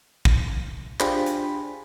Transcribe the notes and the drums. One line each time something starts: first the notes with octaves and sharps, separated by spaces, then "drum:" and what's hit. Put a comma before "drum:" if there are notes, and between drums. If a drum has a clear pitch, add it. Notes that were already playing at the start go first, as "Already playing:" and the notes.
drum: kick
D4 F4 G4 G#4 C5 B5, drum: clap
drum: hi-hat